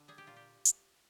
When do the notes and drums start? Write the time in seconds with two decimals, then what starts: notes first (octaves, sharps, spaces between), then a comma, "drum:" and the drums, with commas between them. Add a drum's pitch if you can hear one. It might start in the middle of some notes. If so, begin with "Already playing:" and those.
Already playing: D3
0.08 G3 G#4
0.18 G4
0.27 A#2 F4
0.36 G4
0.65 drum: hi-hat